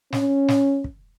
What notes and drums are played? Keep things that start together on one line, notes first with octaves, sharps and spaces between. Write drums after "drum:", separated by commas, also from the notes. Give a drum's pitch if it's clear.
C#4, drum: snare
drum: snare
drum: kick